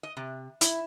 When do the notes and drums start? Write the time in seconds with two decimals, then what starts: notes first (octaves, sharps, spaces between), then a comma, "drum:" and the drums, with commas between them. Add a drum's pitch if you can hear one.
0.03 D#5
0.17 C3
0.61 E4, drum: hi-hat